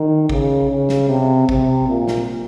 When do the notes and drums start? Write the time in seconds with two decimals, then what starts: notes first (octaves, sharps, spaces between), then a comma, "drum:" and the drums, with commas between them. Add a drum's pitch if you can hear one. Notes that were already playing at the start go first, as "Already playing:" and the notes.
Already playing: D#3
0.29 C#3, drum: kick
0.69 C#3
0.89 drum: snare
1.09 C3
1.49 C3, drum: kick
1.88 A#2
2.08 drum: snare